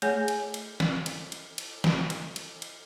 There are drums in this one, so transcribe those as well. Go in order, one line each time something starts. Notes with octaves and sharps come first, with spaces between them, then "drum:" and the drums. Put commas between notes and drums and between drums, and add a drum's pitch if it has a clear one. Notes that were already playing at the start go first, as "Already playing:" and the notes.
A3 G#4 C#5 G#5, drum: cymbal
drum: cymbal
drum: cymbal
drum: snare
drum: cymbal
drum: cymbal
drum: cymbal
drum: snare
drum: cymbal
drum: cymbal
drum: cymbal